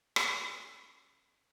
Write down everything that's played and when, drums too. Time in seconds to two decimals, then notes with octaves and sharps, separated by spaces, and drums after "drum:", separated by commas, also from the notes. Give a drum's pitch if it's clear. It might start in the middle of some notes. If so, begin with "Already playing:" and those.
0.16 F#3 C#4, drum: rim click